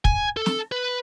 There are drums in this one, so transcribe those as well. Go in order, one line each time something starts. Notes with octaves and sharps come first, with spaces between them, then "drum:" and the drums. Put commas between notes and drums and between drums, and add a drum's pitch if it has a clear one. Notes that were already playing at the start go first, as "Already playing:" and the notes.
G#5, drum: kick
A4
drum: snare
B4